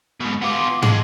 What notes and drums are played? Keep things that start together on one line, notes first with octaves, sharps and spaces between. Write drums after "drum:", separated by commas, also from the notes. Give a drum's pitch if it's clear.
G#2 B2
B3 F4 C6 D6
F2 G#3, drum: tom